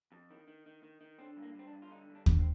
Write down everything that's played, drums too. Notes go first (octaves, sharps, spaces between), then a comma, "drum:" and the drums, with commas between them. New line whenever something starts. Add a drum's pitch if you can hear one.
F2
D#3
D#3
D#3
D#3
D#3
D3 C4
G2
A#3
G2 C4
D4
G2
F4
D3 D#4
G2
D4
D3, drum: kick
C4